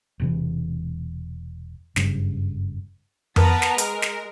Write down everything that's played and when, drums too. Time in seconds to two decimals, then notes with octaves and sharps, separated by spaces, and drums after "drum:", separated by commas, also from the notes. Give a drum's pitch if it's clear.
0.20 E1 C3 E3
1.96 F#1 G2 C#3, drum: snare
3.36 B3 A#4 B4 A5 A#5, drum: tom F2
3.62 drum: snare
3.78 G#3 A#4, drum: hi-hat
4.02 drum: snare